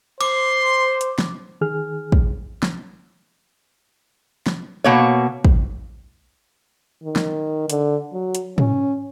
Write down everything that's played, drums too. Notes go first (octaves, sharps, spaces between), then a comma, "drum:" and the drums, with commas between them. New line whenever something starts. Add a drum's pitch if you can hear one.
C5 C6 D6, drum: cymbal
drum: hi-hat
drum: snare
D#3 G#4 F6
drum: kick
drum: snare
drum: snare
B2 A#3 C#5
drum: kick
D#3
drum: snare
D3, drum: hi-hat
F#3
drum: hi-hat
C#4, drum: tom